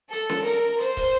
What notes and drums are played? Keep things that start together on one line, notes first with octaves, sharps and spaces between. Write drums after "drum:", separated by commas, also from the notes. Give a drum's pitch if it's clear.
A4, drum: hi-hat
drum: snare C#4
A#4, drum: hi-hat
C5, drum: hi-hat
drum: kick, open hi-hat